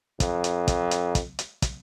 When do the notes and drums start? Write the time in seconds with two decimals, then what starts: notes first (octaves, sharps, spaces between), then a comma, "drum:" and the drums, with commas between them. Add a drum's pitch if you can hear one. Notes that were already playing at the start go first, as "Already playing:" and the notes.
0.20 F2, drum: kick, hi-hat
0.44 drum: hi-hat
0.68 drum: kick, hi-hat
0.91 drum: hi-hat
1.15 drum: kick, hi-hat
1.39 drum: hi-hat
1.62 drum: kick, hi-hat